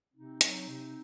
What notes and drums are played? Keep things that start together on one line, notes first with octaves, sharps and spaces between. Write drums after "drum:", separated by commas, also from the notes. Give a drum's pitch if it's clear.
C3 C4 D#4
F#3, drum: hi-hat
C3